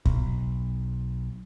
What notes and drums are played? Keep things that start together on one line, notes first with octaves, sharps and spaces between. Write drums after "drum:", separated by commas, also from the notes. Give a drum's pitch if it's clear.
B1, drum: kick